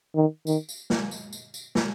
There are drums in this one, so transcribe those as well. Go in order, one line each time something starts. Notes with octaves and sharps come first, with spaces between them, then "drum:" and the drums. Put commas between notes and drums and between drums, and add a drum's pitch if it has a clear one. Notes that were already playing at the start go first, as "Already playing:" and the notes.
D#3
D#3, drum: tambourine
drum: tambourine
drum: snare
drum: tambourine
drum: tambourine
drum: tambourine
drum: snare